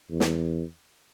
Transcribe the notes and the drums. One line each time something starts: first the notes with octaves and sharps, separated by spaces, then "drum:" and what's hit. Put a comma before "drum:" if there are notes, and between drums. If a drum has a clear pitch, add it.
E2
drum: snare